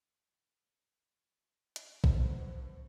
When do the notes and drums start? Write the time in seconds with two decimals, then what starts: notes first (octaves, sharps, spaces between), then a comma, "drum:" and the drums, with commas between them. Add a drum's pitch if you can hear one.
1.76 drum: hi-hat
2.04 G2 D3 B3 C5, drum: kick A#1